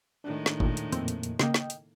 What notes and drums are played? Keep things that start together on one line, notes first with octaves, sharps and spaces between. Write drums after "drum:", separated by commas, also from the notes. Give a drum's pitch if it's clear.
A2 D#3 G#3 D4
drum: snare
D#2 A#2, drum: kick G1
drum: hi-hat
F2 A#2 A#3 C4, drum: hi-hat
drum: hi-hat
drum: hi-hat
C#3 A#3 D#5 G5, drum: snare
drum: snare
drum: hi-hat